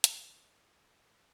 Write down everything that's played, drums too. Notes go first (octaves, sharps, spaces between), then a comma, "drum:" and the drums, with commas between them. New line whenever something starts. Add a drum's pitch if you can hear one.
C#3 A#4 C#6, drum: hi-hat